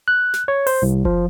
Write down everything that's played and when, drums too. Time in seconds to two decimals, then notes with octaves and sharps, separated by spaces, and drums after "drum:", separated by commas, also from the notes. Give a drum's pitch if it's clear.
0.08 F#6
0.34 drum: snare
0.48 C#5
0.67 C5, drum: open hi-hat
0.82 C2
1.05 F3, drum: kick F#1